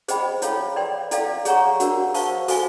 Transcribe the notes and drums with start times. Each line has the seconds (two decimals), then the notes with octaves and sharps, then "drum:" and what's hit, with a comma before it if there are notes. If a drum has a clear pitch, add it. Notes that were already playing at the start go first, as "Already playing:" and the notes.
0.08 G#4 C5 D#5 G5 B5, drum: hi-hat
0.42 E4 A4 C#5 F5, drum: hi-hat
0.76 B4 D5 G5 C6
1.11 E4 A4 D5 F5, drum: hi-hat
1.45 G#4 C#5 F#5 A#5 C#6, drum: hi-hat
1.80 D4 F#4 A#4, drum: hi-hat
2.14 C5 F5 A5 C#6, drum: open hi-hat
2.48 F#4 A4 C5 F5 G#5, drum: open hi-hat